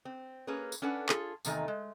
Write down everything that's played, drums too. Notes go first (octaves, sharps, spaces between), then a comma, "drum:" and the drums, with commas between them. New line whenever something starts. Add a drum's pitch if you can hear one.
C4
A#3 C#4 G#4 B4
drum: tambourine
C#4 D4 A4 B4 F#5
F4 G#4 A4, drum: clap
E2 C3 D#3 A3 D#4 G#5, drum: tambourine
G#3